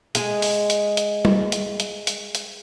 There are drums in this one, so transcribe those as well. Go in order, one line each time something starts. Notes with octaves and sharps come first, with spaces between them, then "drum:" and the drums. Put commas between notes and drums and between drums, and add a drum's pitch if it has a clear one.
G#3 G#4, drum: hi-hat
drum: open hi-hat
drum: hi-hat
drum: hi-hat
drum: tom G3
drum: hi-hat
drum: hi-hat
drum: hi-hat
drum: hi-hat